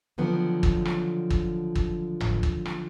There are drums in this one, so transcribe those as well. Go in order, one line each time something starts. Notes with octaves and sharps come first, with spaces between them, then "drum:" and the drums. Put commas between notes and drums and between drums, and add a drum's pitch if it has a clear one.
D3 D#3 F3 F#3 B3
drum: kick
drum: rim click
drum: kick
drum: kick
drum: tom G1
drum: kick
drum: rim click